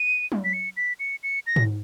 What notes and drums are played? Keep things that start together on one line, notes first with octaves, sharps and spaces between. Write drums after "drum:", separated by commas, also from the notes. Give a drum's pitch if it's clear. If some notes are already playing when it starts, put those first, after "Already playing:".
Already playing: D#7
drum: tom F#3
B6
C#7
B6
C#7
C#7
A#6
drum: tom G#2